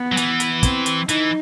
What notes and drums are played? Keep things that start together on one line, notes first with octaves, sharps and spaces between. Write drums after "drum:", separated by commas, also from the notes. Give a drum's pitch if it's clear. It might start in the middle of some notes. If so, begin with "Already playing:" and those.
Already playing: B3
F#3
E3, drum: hi-hat
drum: hi-hat
C4, drum: kick, hi-hat
drum: hi-hat
E3 D#4, drum: hi-hat